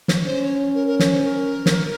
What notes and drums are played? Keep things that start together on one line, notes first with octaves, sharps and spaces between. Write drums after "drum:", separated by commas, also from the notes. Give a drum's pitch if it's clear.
drum: snare
C#4 C5
C#5
A#4
A#4
C#5, drum: snare
C5
A#4
drum: snare